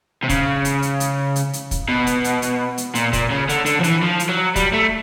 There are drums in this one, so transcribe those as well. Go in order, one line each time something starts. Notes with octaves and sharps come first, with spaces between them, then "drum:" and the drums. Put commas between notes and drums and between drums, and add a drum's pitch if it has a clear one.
C3
C#3, drum: kick, hi-hat
drum: hi-hat
drum: hi-hat
drum: hi-hat
drum: hi-hat
drum: hi-hat
drum: kick, hi-hat
B2
drum: hi-hat
drum: hi-hat
drum: hi-hat
drum: hi-hat
A#2, drum: hi-hat
A#2, drum: kick, hi-hat
C#3
D3, drum: hi-hat
D3, drum: hi-hat
F3
E3, drum: hi-hat
F3
drum: hi-hat
F#3
G3, drum: kick, hi-hat
A3